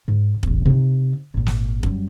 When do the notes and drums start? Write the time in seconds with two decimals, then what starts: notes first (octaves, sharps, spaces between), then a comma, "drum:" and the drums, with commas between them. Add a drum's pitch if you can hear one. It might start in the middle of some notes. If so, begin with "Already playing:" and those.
0.08 G#2
0.43 E1 A1, drum: kick
0.66 C3 D#4
1.34 G#1 A#2
1.46 drum: snare
1.83 F#2 G3, drum: kick